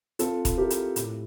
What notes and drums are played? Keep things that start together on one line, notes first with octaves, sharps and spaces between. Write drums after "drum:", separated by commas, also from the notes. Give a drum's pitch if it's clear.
C4 F4 A4, drum: hi-hat
drum: kick E1, hi-hat
E4 G4 A#4
drum: hi-hat
A2, drum: hi-hat